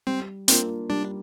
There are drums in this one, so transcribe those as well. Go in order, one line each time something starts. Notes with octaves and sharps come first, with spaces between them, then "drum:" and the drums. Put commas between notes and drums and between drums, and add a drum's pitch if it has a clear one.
G3 C4
A#3 C4 D4 F4 A#4, drum: hi-hat
G3 D4